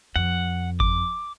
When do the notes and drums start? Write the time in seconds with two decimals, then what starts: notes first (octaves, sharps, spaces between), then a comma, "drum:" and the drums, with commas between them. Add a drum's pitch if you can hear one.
0.16 F2 F#5
0.80 D6, drum: kick G1